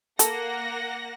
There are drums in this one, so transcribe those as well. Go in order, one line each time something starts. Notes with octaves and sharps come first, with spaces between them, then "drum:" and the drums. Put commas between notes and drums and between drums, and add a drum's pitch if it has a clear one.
A#3 A4 F#5 A#6, drum: hi-hat